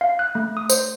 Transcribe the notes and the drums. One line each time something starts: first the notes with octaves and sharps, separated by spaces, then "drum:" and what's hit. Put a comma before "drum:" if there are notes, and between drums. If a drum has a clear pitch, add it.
F5
F#6
A3
D#6
C5, drum: tambourine